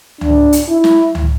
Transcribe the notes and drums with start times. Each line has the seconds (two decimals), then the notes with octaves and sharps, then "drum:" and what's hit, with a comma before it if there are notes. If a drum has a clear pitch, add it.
0.21 D4, drum: tom C#2
0.53 drum: hi-hat
0.68 E4
0.84 drum: snare
1.15 drum: tom C#2